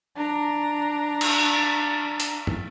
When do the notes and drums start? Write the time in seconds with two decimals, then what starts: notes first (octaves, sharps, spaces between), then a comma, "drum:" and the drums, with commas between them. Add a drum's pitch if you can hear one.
0.15 D4 A#5
1.21 drum: cymbal
2.20 drum: hi-hat
2.47 drum: tom